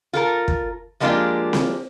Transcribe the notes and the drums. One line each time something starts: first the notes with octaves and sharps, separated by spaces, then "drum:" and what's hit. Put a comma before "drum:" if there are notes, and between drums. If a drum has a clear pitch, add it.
F4 A4 A#4
drum: kick
F3 G#3 A#3 D4 F4 G4
drum: snare C4